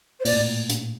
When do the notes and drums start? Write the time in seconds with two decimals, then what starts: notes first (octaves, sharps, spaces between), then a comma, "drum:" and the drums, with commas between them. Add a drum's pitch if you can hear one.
0.19 C5
0.25 A#2 D5, drum: open hi-hat
0.33 A2
0.41 A#2
0.69 drum: hi-hat